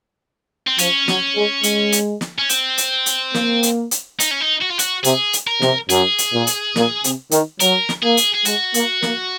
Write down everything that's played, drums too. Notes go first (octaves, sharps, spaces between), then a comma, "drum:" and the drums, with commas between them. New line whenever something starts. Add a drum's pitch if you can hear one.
C4
F3 C#4, drum: hi-hat
F#3, drum: snare
G#3
G#3, drum: hi-hat
drum: hi-hat
drum: snare
C#4
C4, drum: hi-hat
drum: hi-hat
drum: hi-hat
A#3, drum: snare
drum: hi-hat
drum: hi-hat
D#4, drum: hi-hat
C#4
D#4
F#4
F4
F#4, drum: hi-hat
C3 G#4, drum: hi-hat
drum: hi-hat
A#4
C3, drum: snare
F#2 G#4, drum: hi-hat
drum: hi-hat
A#2
drum: hi-hat
A#2, drum: snare
C3, drum: hi-hat
D#3, drum: hi-hat
F#3 A#4, drum: hi-hat
drum: snare
A#3 G#4
drum: hi-hat
G#4
G#3 F#4, drum: hi-hat
A#3, drum: hi-hat
A#3, drum: snare